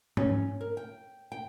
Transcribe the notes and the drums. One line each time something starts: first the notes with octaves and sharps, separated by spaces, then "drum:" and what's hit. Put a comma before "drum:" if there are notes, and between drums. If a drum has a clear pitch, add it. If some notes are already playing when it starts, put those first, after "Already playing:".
C#4, drum: tom
A#4
G5
G5